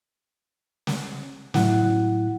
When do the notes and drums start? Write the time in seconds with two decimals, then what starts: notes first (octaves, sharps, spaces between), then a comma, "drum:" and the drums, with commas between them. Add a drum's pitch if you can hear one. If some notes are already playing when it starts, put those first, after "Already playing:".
0.87 drum: snare
1.54 A2 F#3 E4 F#5, drum: snare